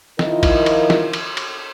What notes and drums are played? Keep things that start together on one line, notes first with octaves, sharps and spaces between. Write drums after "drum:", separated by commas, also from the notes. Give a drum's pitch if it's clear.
D#3 F3 E4 F4 A#4 D#5, drum: snare
drum: kick A1, cymbal
drum: cymbal
drum: snare
drum: cymbal
drum: cymbal